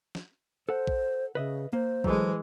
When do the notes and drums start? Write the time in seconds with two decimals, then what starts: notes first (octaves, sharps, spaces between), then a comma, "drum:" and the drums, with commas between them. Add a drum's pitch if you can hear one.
0.15 drum: snare
0.69 A4 C5 F#5
0.87 drum: kick
1.35 C#3 B4 D#5 E5
1.73 A#3 C5
2.04 E3 F#3 G#3 A4, drum: kick